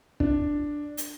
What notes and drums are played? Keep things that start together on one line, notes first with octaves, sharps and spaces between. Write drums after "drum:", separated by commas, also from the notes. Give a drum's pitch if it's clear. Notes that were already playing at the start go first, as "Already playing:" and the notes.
D4, drum: kick
drum: hi-hat